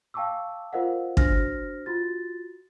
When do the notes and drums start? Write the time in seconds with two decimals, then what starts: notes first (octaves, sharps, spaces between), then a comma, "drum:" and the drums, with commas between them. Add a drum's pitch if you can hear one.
0.14 F5 G5 A5 C#6 D6 E6
0.73 F4 A#4 C5 D#5 F5 F#5
1.17 D4 F#4 C5 F6 A#6, drum: kick
1.86 F4 F#4 A6